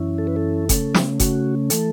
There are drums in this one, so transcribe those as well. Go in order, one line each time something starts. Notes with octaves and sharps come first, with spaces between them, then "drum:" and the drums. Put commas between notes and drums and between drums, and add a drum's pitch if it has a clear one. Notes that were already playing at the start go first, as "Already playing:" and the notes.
Already playing: F#2 E3 C#4 E4
A4
B4
A4
C#3 A3 C#4, drum: kick F#1, hi-hat
drum: snare
F#4, drum: kick F#1, hi-hat
E3 A3 A4, drum: hi-hat